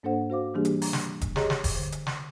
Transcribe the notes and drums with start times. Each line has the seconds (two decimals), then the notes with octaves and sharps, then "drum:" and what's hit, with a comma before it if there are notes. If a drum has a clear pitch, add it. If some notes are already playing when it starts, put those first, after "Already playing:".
0.03 G#2 A#3 D4 A4 C5 F#5
0.30 F#4 C5 F5 D6
0.54 E3 G3 A#3 D4 G4 G#4
0.65 drum: hi-hat
0.82 A#5, drum: open hi-hat
0.93 drum: snare
1.21 drum: kick E1, hi-hat
1.36 G4 G#4 C#5 D#5 A#5, drum: snare
1.50 drum: snare
1.64 drum: kick E1, open hi-hat
1.74 D3
1.92 drum: hi-hat
2.06 drum: snare